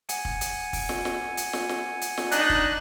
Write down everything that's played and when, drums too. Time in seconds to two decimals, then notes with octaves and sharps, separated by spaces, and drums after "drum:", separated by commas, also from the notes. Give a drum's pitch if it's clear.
0.09 F#5 G#5, drum: hi-hat
0.25 drum: kick
0.41 drum: hi-hat
0.73 drum: kick, open hi-hat
0.89 drum: snare
1.05 drum: snare
1.37 drum: hi-hat
1.53 drum: snare
1.69 drum: snare
2.01 drum: hi-hat
2.17 drum: snare
2.31 D4 D#4 F#6, drum: hi-hat
2.50 drum: kick